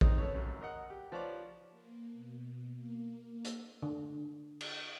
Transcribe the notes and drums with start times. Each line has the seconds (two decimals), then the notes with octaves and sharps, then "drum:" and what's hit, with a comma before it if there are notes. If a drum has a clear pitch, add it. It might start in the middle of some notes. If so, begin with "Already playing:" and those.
0.01 C4 D#4 D#5, drum: kick A#1
0.18 C#4 A4 B4 C#5
0.34 A1 F#2
0.61 A#4 D#5 F#5
0.90 G4
1.12 F3 B4 C#5 D5 D6
1.72 A#3
2.13 B2
2.75 A#3
3.45 drum: hi-hat
3.82 D3
4.61 drum: cymbal